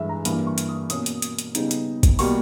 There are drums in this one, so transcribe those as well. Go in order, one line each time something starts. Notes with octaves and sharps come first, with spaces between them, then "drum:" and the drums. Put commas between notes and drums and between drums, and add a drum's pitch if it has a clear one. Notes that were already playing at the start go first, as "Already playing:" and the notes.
Already playing: G2 E3 G#3 E5
A#5
G2 E3 A#3 B5, drum: hi-hat
C#6
drum: hi-hat
D#6
B2 A#3 C#4 D#6, drum: hi-hat
drum: hi-hat
drum: hi-hat
drum: hi-hat
C#3 G3 B3 D#4, drum: hi-hat
drum: hi-hat
drum: kick, hi-hat
B2 G3 A#3 C#6, drum: open hi-hat